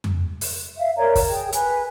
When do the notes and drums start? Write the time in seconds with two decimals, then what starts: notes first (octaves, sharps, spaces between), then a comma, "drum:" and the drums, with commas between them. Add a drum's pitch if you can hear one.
0.04 drum: tom F2
0.41 drum: open hi-hat
0.79 E5 F5
0.96 A#4 C#5 D5 A#5
1.15 drum: kick, open hi-hat
1.29 G#4 G5
1.53 B4 G#5, drum: hi-hat